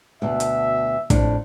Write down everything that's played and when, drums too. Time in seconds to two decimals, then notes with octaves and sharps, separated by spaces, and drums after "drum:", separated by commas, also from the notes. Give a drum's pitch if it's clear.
0.22 D2 B2 E5 A5
0.40 drum: hi-hat
1.10 F2 A2 D4, drum: kick, hi-hat